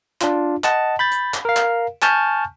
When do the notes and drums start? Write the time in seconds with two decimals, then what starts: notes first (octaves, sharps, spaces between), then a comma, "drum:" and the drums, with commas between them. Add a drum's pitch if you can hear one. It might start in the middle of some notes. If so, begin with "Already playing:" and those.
0.21 D4 F4, drum: clap
0.64 D#5 F#5 A5, drum: clap
0.99 B5 G6 A6
1.11 drum: hi-hat
1.34 drum: clap
1.45 A#4 F5
1.56 drum: clap
2.02 G#5 A5 C#6 F6 G6, drum: clap